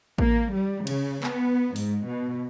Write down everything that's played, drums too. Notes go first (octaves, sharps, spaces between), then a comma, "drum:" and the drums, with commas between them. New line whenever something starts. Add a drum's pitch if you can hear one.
A#3, drum: kick A1
G3
C#3, drum: cymbal
B3, drum: clap
G#2, drum: open hi-hat
B2